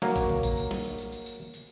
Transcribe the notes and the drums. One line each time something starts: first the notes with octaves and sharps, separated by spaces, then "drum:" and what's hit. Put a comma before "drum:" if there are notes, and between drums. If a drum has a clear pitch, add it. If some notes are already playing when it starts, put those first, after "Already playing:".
F#3 A#3, drum: snare
drum: kick A1, tambourine
drum: tom C#3
drum: kick A1, tambourine
drum: tambourine
drum: snare
drum: tambourine
drum: tambourine
drum: tambourine
drum: tambourine
drum: tambourine